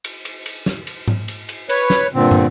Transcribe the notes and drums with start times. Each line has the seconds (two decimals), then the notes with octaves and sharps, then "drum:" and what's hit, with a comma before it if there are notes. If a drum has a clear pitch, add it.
0.04 drum: cymbal
0.25 drum: cymbal
0.46 drum: cymbal
0.66 drum: snare
0.87 drum: cymbal
1.08 drum: tom G#2
1.28 drum: cymbal
1.49 drum: cymbal
1.69 B4 C#5, drum: cymbal
1.90 drum: snare
2.14 G2 A#2 D3 C4
2.31 drum: tom